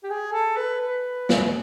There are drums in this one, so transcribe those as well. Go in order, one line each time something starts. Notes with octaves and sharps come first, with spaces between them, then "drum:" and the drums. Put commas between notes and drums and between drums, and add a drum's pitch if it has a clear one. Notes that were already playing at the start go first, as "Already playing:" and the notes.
G4
G#4
A4
B4
B4
drum: snare